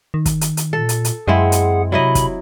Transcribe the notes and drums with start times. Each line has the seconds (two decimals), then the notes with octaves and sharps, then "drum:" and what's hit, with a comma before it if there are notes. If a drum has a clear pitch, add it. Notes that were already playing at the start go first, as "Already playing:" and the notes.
0.14 D#3
0.26 drum: kick, hi-hat
0.41 drum: hi-hat
0.57 drum: hi-hat
0.73 A#2 A4
0.89 drum: hi-hat
1.05 drum: hi-hat
1.27 F#2 G#3 C4 E4 G#4 F#5
1.52 drum: hi-hat
1.92 C3 F#3 E4 D#5 B5
2.15 drum: kick, hi-hat